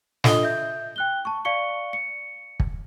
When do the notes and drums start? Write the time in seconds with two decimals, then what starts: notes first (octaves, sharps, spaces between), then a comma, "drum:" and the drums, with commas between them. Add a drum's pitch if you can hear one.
0.24 D4 F4 A4 D#5 D#6 G7, drum: snare
0.43 E5 G6
0.96 G5 F#6 G7
1.25 A5 C#6
1.45 D5 F5 C#6 C#7 G7
1.93 C#7
2.60 drum: kick